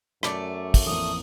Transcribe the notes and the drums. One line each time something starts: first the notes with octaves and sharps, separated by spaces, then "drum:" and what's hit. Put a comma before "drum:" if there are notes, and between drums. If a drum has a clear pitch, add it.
F#2 A3 D5, drum: rim click
drum: kick, open hi-hat
A1 F2 A#3 D#6